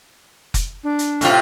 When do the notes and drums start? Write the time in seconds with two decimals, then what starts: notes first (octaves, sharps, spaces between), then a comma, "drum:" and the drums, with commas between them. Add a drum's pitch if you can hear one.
0.54 drum: kick F1, hi-hat
0.84 D4
0.99 drum: hi-hat
1.21 A2 C3 F4, drum: hi-hat